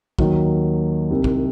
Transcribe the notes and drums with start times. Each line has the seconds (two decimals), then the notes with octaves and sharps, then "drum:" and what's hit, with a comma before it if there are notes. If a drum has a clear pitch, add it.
0.19 D#2 D#3 F#3, drum: kick
1.10 C2 C3 D#3
1.24 drum: kick